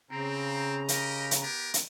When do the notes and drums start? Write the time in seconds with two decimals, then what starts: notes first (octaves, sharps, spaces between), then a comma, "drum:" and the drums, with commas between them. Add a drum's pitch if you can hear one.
0.11 C#3 C4 A#5
0.88 G4 A#4 D#5, drum: hi-hat
1.31 drum: hi-hat
1.42 B3 G4 A#4
1.74 drum: hi-hat